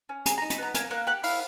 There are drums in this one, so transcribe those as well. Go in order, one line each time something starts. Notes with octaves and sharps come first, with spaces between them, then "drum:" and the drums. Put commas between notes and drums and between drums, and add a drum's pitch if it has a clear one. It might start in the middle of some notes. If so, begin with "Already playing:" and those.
C#4
G#4 A#5, drum: hi-hat
A#5
D#4
B5, drum: hi-hat
B3 A#5
A#3 G#5, drum: hi-hat
A#3 F#5
G4 F#5
E4 F5, drum: open hi-hat